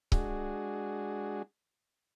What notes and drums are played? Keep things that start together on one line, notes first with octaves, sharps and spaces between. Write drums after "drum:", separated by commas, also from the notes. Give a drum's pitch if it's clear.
G#3 D4 F#4 G#4, drum: kick C#1